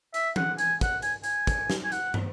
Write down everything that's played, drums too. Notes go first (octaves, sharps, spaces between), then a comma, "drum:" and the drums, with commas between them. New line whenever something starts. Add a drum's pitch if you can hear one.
E5, drum: hi-hat
F#5, drum: tom E3
G#5, drum: hi-hat
F#5, drum: kick, hi-hat
G#5, drum: hi-hat
G#5, drum: hi-hat
drum: kick, hi-hat
drum: snare
G#5
F#5, drum: hi-hat
drum: tom